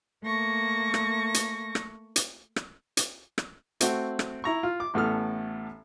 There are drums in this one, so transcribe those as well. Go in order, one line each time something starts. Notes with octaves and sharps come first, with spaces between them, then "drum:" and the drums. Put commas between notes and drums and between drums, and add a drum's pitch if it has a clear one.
A3 A#3 C#6 A#6
drum: rim click
drum: hi-hat
drum: rim click
drum: hi-hat
drum: rim click
drum: hi-hat
drum: rim click
A3 C4 F#4, drum: hi-hat
drum: rim click
E4 A#5 C#6
F4
D6
A1 A2 B3 A4 F6